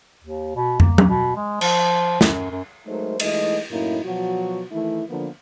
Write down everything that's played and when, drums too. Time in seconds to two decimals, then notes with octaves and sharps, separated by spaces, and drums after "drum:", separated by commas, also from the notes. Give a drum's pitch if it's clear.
0.24 D#2
0.56 B2
0.80 A#3, drum: tom
0.98 drum: tom F#3
1.09 B2
1.36 G#3
1.61 F3, drum: cymbal
2.21 F#2, drum: snare
2.51 F#2
2.87 F#3 G#3 A3 D#4 A#4 C5
3.20 E3 G#3 A3 D#4 E4 D#5, drum: cymbal
3.71 F#2 A2 A#3 D#4 E4
4.05 B2 F3 F#3 F#4
4.71 D#3 E3 A3 E4
5.08 D3 F3 A#3 B3